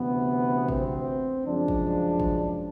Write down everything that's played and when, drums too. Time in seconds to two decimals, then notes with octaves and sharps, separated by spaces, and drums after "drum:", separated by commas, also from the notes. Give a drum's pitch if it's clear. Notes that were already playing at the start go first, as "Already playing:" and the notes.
Already playing: D2 C3 E3 B3
0.69 C4, drum: kick
1.45 F#2 C#3 F3 G#3 D4
1.68 drum: kick
2.20 drum: kick